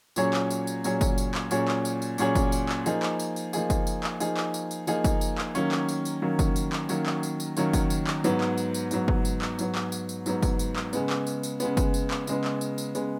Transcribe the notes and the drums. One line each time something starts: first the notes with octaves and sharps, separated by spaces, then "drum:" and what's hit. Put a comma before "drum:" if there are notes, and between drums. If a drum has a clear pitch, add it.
A#2 F#3 C#4 G#4 C#5, drum: tambourine
drum: clap
drum: tambourine
drum: tambourine
A#2 F#3 C#4 G#4 C#5, drum: tambourine
drum: kick F#1, tambourine
drum: tambourine
drum: clap
A#2 F#3 C#4 G#4 C#5, drum: tambourine
drum: clap
drum: tambourine
drum: tambourine
A#2 F#3 C#4 G#4 C#5, drum: tambourine
drum: kick F#1, tambourine
drum: tambourine
drum: clap
F3 A#3 D#4 G#4, drum: tambourine
drum: clap
drum: tambourine
drum: tambourine
F3 A#3 D#4 G#4, drum: tambourine
drum: kick F#1, tambourine
drum: tambourine
drum: clap
F3 A#3 D#4 G#4, drum: tambourine
drum: clap
drum: tambourine
drum: tambourine
F3 A#3 D#4 G#4, drum: tambourine
drum: kick F#1, tambourine
drum: tambourine
drum: clap
D#3 F#3 A#3 C#4, drum: tambourine
drum: clap
drum: tambourine
drum: tambourine
D#3 F#3 A#3 C#4
drum: kick F#1, tambourine
drum: tambourine
drum: clap
D#3 F#3 A#3 C#4, drum: tambourine
drum: clap
drum: tambourine
drum: tambourine
D#3 F#3 A#3 C#4, drum: tambourine
drum: kick F#1, tambourine
drum: tambourine
drum: clap
G#2 F#3 B3, drum: tambourine
drum: clap
drum: tambourine
drum: tambourine
G#2 F#3 B3, drum: tambourine
drum: kick F#1
drum: tambourine
drum: clap
G#2 F#3 B3, drum: tambourine
drum: clap
drum: tambourine
drum: tambourine
G#2 F#3 B3, drum: tambourine
drum: kick F#1, tambourine
drum: tambourine
drum: clap
C#3 G#3 B3, drum: tambourine
drum: clap
drum: tambourine
drum: tambourine
C#3 G#3 B3, drum: tambourine
drum: kick F#1, tambourine
drum: tambourine
drum: clap
C#3 G#3 B3, drum: tambourine
drum: clap
drum: tambourine
drum: tambourine
C#3 G#3 B3, drum: tambourine